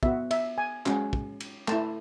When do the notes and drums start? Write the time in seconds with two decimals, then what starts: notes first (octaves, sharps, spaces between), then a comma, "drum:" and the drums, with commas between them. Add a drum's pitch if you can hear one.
0.03 B3 F#4 E5, drum: kick
0.31 E5, drum: cymbal
0.58 G#5
0.86 G#3 C#4 F#4, drum: clap
1.13 drum: kick
1.40 drum: cymbal
1.68 A3 E4 A5, drum: clap